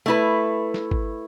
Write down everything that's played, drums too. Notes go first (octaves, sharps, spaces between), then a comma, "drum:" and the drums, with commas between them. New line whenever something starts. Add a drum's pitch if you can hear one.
A3 E4 B4
drum: snare
drum: kick